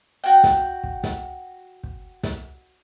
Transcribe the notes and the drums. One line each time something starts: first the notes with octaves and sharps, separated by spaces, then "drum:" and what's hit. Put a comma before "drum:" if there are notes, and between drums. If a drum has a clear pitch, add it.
F#4 G5
drum: snare
drum: kick
drum: snare
drum: kick
drum: snare